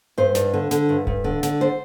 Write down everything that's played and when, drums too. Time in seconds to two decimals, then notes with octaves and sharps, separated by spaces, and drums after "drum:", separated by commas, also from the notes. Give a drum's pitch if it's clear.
0.18 G2 C5
0.35 G2, drum: snare
0.53 D3
0.71 D3, drum: snare
0.89 G2
1.07 G2, drum: kick D1
1.24 D3
1.43 D3, drum: snare
1.61 C5